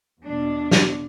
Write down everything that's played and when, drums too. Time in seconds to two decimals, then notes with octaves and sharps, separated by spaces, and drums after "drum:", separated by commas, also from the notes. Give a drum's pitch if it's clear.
0.24 E2 B2 D4
0.71 drum: snare